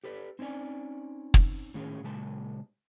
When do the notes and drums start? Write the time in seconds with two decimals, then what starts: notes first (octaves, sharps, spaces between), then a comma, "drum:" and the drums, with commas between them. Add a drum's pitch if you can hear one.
0.04 G4 A4 B4 C5 D5
0.39 C4 C#4 D#4 D5 G#5
1.34 drum: kick
1.74 A2 D#3 C#4 G#4
2.04 A#2 C#3 G#3 A5